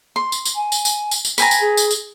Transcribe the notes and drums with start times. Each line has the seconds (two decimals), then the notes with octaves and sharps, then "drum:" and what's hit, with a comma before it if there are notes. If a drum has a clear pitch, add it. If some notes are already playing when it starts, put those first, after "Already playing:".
0.16 C6
0.32 drum: tambourine
0.45 drum: tambourine
0.55 G#5
0.72 drum: tambourine
0.85 drum: tambourine
1.11 drum: tambourine
1.25 drum: tambourine
1.38 B4 G5 G#5 A#5, drum: tambourine
1.51 drum: tambourine
1.60 G#4
1.77 drum: tambourine
1.91 drum: tambourine